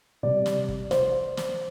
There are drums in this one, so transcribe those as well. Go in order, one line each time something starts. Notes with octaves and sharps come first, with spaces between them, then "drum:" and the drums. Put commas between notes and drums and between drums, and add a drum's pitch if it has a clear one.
C3 G3 D5
drum: snare
drum: kick
C5, drum: snare
drum: snare